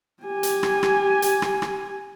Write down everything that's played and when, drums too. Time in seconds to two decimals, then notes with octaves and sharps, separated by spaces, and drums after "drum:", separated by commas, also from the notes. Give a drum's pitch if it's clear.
0.23 G4 G#5
0.43 drum: hi-hat
0.63 drum: rim click
0.83 drum: rim click
1.22 drum: hi-hat
1.42 drum: rim click
1.62 drum: rim click